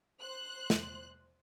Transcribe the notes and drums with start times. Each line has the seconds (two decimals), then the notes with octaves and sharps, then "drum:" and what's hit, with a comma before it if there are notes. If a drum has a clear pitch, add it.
0.21 C5 F#6
0.70 drum: snare